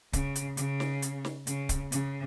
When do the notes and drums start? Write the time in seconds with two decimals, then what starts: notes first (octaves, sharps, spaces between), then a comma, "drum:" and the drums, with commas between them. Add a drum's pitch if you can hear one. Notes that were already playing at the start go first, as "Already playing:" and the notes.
0.13 C#3, drum: kick C#1, hi-hat
0.35 drum: hi-hat
0.57 C#3, drum: hi-hat
0.80 drum: snare
1.02 drum: hi-hat
1.25 drum: snare
1.47 C#3, drum: hi-hat
1.69 drum: kick C#1, hi-hat
1.92 C#3, drum: hi-hat